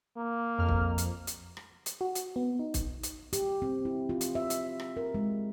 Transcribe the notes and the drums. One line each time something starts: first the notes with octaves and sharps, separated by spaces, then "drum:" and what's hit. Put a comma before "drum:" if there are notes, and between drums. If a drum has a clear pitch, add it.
A#3
F2 F6
drum: kick
drum: hi-hat
drum: hi-hat
drum: rim click
drum: hi-hat
F#4
drum: hi-hat
B3
D#4
drum: kick, hi-hat
drum: hi-hat
G4, drum: hi-hat
C4
E4
F4
drum: hi-hat
E5
drum: hi-hat
drum: rim click
A#4
G#3